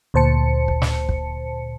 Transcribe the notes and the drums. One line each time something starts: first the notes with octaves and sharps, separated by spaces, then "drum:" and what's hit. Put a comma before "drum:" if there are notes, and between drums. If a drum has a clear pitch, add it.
D2 A#2 C5 A5 C#7
drum: kick
drum: snare
drum: kick